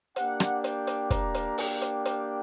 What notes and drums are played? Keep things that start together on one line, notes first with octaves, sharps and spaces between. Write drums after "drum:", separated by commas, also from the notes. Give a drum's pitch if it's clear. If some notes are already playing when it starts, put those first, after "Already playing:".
A#3 D4 G4 F#5, drum: hi-hat
drum: rim click
G5, drum: hi-hat
drum: hi-hat
A#5, drum: kick, hi-hat
drum: hi-hat
G5, drum: open hi-hat
drum: hi-hat
G5, drum: hi-hat